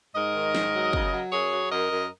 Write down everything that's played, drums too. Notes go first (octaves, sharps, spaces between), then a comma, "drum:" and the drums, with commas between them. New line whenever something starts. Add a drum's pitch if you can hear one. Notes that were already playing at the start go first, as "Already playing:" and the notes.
G#2 A#4 D#5
D#3
G#2, drum: snare
F#3
C#3, drum: kick
F#3
F#2 G#4 C#5
F#3
F#2 A#4 D#5
F#2